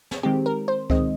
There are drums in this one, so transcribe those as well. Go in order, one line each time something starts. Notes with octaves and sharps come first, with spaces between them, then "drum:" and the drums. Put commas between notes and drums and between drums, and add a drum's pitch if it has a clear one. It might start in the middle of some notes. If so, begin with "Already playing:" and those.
drum: snare
D#3 G#3 C4 G4
A#4
C5
D#3 G#3 C4 D#5, drum: kick C#2